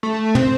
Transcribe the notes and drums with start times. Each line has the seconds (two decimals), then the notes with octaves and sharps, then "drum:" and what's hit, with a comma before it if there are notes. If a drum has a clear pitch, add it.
0.03 A3
0.35 C4, drum: tom